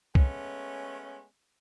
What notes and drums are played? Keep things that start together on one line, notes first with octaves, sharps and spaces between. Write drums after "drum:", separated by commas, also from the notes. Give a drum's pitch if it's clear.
G#3 A3 B3 C#4, drum: kick C2